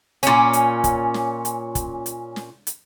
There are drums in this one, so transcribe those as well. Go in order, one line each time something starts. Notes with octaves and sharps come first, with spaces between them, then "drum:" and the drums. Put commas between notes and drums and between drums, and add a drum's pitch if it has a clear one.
A#2 C#4, drum: hi-hat
drum: hi-hat
drum: kick, hi-hat
drum: snare
drum: hi-hat
drum: kick, hi-hat
drum: hi-hat
drum: snare
drum: hi-hat